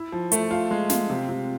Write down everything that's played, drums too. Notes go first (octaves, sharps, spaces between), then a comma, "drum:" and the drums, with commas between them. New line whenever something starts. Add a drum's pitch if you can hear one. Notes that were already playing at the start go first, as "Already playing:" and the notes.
Already playing: E4
F3
A3, drum: hi-hat
F4
G#3
F4, drum: snare
C3
C3